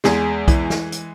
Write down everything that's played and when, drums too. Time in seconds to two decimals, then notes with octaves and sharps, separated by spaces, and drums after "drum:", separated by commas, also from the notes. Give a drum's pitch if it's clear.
0.04 E2 G#3 G#4, drum: snare
0.48 E3, drum: kick B1, hi-hat
0.70 drum: snare
0.92 drum: hi-hat